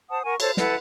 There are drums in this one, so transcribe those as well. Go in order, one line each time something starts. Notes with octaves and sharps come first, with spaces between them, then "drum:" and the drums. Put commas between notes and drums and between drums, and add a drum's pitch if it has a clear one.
C5 F#5 A5 D#6
A#4 F#5 G#5 C#6
A4 C5 C#5, drum: cymbal
E4 A4 B4 F#5, drum: snare